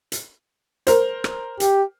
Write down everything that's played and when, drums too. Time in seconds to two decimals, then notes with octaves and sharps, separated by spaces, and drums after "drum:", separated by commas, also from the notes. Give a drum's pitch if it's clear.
0.12 drum: hi-hat
0.87 A#4 C5, drum: hi-hat
1.24 drum: rim click
1.60 G4, drum: hi-hat